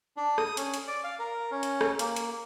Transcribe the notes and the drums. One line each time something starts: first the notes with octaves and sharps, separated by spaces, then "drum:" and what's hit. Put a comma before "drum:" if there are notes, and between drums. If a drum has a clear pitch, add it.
D4
D#6, drum: rim click
C#4, drum: hi-hat
drum: hi-hat
D5
F5
A#4
C#4
drum: hi-hat
drum: rim click
A#3, drum: hi-hat
drum: hi-hat